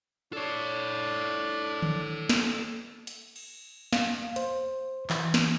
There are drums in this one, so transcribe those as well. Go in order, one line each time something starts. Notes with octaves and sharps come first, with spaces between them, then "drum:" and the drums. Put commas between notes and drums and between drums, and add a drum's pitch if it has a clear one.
D4 A4 C#5
drum: tom D3
drum: snare
drum: hi-hat
drum: cymbal
F5, drum: snare
C5, drum: hi-hat
E3, drum: clap
drum: snare